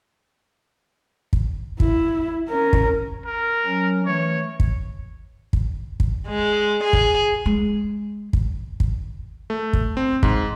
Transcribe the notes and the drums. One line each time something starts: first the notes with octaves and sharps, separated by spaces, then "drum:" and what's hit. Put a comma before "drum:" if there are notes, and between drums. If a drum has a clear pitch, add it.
drum: kick
E4, drum: kick
C#4 A#4
drum: kick
A#4
F#3 C#4
E3 A3 C#5
drum: kick
drum: kick
drum: kick
G#3
G#4
drum: kick
G#3
drum: kick
drum: kick
A3
drum: kick
C4
G#2, drum: kick